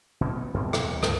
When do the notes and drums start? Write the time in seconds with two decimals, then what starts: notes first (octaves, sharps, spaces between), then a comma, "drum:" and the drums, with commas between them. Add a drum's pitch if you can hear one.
0.21 B2 D3 G3 C4
0.36 B3
0.54 F#2 B2 G3 C4
0.73 drum: rim click
0.84 D#2 E3
1.03 C#2 G2 D3, drum: rim click